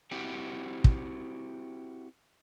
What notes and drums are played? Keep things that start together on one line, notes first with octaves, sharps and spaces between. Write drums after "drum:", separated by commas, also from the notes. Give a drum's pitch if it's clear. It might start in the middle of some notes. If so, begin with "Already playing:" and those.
C4 E4 F#4 G4
drum: kick